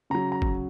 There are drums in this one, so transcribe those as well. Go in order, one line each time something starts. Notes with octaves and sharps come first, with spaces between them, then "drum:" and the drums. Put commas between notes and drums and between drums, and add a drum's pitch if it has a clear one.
C#3 F#3 A#5
A#5
drum: kick G1